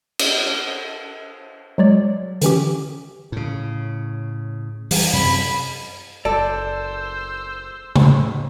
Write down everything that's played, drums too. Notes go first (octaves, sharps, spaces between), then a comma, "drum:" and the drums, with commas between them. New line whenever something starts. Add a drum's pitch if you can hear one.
drum: cymbal
F#3 G#3 C#5 D5
D3 E3 C#4 G4, drum: hi-hat
A2 C#3
E3 G3, drum: open hi-hat
F#2 C3 B5
F#1 A4 C5 D5 E6
drum: tom C#3